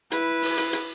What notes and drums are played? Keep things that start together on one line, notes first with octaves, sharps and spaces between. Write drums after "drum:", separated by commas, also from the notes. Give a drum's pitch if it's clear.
E4 B4, drum: hi-hat
drum: open hi-hat
drum: hi-hat
drum: hi-hat